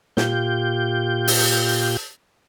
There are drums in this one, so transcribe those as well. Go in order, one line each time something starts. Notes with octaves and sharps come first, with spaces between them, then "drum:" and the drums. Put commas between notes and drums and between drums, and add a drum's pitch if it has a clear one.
A#2 F4 G4 G6, drum: snare
drum: open hi-hat